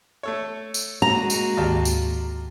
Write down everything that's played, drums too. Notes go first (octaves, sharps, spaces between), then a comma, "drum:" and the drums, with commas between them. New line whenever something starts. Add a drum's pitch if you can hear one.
A3 A4 C#5
drum: tambourine
G#3 A#3 F#4 A#5
drum: tambourine
D2 G#2 D#3 F4 G4 A5
drum: tambourine